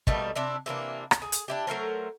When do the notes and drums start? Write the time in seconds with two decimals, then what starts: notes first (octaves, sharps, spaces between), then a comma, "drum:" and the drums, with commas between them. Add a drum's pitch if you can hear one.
0.07 B2 G3 A3 A#3, drum: kick
0.35 C3 D4 E4
0.66 C3 E3 A#3 D4
1.11 drum: rim click
1.22 G#4
1.32 drum: hi-hat
1.48 D4 E4 G4
1.67 F#3 A3 A#4 C5